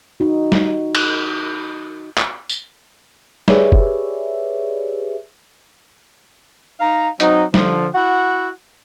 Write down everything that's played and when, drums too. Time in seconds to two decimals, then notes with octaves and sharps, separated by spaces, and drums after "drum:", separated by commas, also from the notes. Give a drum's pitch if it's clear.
0.20 D#4 F#4
0.52 drum: snare G3
0.95 drum: cymbal
2.18 drum: clap
2.49 drum: tambourine
3.48 G4 G#4 B4 C#5 D5 E5, drum: snare G3
3.72 drum: kick F1
6.80 D#4 F5 A#5
7.20 F#3 C4 D#4, drum: hi-hat
7.54 D3 F3, drum: snare G3
7.95 E4 F#4 F#5